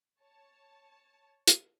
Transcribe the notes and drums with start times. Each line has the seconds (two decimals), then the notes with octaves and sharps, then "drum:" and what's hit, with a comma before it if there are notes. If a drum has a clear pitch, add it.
0.21 C#5 A5
1.47 drum: hi-hat